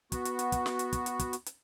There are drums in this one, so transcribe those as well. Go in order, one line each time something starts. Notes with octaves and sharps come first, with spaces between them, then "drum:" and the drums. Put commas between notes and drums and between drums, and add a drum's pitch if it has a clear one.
B3 F#4, drum: kick, hi-hat
drum: hi-hat
drum: hi-hat
drum: kick, hi-hat
drum: snare
drum: hi-hat
drum: kick, hi-hat
drum: hi-hat
drum: kick, hi-hat
drum: hi-hat
drum: hi-hat